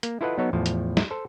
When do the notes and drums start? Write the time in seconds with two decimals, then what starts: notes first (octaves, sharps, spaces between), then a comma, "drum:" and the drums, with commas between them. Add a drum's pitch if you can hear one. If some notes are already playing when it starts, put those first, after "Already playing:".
0.03 A#3, drum: hi-hat
0.21 E4 F4 A4 B4 D#5 F#5
0.38 F#3 B3 D#4 A4 C#5
0.53 E2 A2 F3 A5
0.66 drum: hi-hat
0.97 drum: snare
1.11 A4 C5